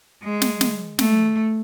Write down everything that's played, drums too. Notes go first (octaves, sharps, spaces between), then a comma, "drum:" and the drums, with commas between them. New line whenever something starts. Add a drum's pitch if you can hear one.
G#3
drum: snare
drum: snare
A3, drum: snare